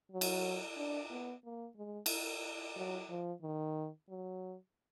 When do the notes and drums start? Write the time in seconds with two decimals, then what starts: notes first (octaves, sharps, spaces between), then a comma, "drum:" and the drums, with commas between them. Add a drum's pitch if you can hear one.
0.12 F#3
0.21 drum: cymbal
0.77 D4
1.11 B3
1.44 A#3
1.76 G#3
2.06 drum: cymbal
2.76 F#3
3.09 F3
3.42 D#3
4.09 F#3